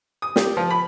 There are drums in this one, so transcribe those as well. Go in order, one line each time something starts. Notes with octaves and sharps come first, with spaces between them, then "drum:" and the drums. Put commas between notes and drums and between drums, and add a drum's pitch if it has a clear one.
D#6
G4, drum: snare
F3
B5